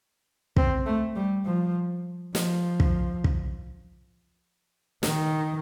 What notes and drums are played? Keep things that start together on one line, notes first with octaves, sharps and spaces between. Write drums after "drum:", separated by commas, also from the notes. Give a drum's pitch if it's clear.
C4, drum: kick
A3
G3
F3
F3, drum: snare
drum: kick
drum: kick
D#3, drum: snare